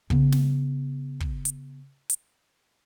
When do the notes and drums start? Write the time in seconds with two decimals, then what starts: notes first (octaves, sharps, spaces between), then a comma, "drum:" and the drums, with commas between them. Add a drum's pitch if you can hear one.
0.10 C#3 B3, drum: kick
0.32 drum: snare
1.20 drum: kick
1.45 drum: hi-hat
2.10 drum: hi-hat